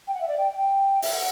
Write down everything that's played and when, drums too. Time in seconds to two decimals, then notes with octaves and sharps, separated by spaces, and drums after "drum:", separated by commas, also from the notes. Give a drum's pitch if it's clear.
0.07 G5
0.14 F#5
0.21 E5
0.28 D5
0.38 G5
0.57 G5
1.02 E5, drum: open hi-hat
1.13 F#5